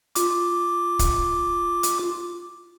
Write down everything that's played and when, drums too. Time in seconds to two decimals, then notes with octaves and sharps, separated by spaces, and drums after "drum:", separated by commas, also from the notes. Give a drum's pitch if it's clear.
0.15 F4 D6, drum: hi-hat
0.99 drum: kick, hi-hat
1.83 drum: hi-hat